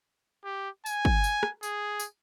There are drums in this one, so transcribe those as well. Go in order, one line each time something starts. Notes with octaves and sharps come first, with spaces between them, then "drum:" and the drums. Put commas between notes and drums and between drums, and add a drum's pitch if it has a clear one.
G4
G#5, drum: tambourine
drum: kick
drum: tambourine
drum: rim click
G#4, drum: tambourine
drum: tambourine